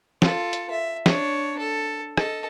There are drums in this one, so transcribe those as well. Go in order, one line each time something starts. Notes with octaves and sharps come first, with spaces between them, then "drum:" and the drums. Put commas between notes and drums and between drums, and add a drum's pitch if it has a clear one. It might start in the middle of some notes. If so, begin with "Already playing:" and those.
F4 A4, drum: snare
drum: hi-hat
E5
D4 C#5, drum: snare
A4
A4 D#5, drum: rim click